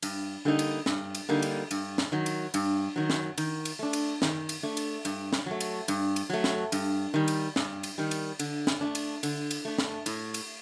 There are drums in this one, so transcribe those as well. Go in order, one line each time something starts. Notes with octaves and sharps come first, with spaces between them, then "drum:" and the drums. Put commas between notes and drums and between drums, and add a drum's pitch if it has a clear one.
G2, drum: cymbal
D3 G3 A#3 D#4
drum: cymbal
G2, drum: snare
drum: cymbal
D3 G3 A#3 D#4
drum: cymbal
G2, drum: cymbal
drum: snare
D#3 F#3
drum: cymbal
G2, drum: cymbal
D#3 F#3
drum: snare
D#3, drum: cymbal
drum: cymbal
A3 D4
drum: cymbal
D#3, drum: snare
drum: cymbal
A3 D4
drum: cymbal
G2, drum: cymbal
drum: snare
F#3 A3
drum: cymbal
G2, drum: cymbal
drum: cymbal
F#3 A3
drum: snare
G2, drum: cymbal
D#3 G3
drum: cymbal
G2, drum: snare
drum: cymbal
D#3 G3
drum: cymbal
D3, drum: cymbal
drum: snare
A3 D4
drum: cymbal
D3, drum: cymbal
drum: cymbal
A3 D4
drum: snare
A2, drum: cymbal
drum: cymbal